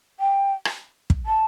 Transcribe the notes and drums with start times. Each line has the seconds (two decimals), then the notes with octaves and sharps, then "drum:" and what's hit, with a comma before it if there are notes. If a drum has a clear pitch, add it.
0.19 G5
0.65 drum: rim click
1.10 drum: kick
1.25 A5